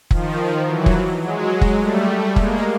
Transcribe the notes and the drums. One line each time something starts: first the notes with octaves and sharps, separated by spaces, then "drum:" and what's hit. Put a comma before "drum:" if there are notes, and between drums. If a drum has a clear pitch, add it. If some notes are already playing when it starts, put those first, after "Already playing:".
D#3 F3, drum: kick F1
E3 F#3
drum: kick F1
F#3 G#3
drum: kick F1
G3 A3
G#3 A#3, drum: kick F1